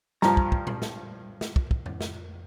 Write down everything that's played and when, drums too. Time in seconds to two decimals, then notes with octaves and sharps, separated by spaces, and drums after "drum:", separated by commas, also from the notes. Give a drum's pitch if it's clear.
0.22 G2 F3 A#5, drum: snare
0.37 drum: kick
0.52 drum: kick
0.67 drum: tom A#2
0.82 drum: snare
1.41 drum: snare
1.56 drum: kick
1.71 drum: kick
1.86 drum: tom F2
2.01 drum: snare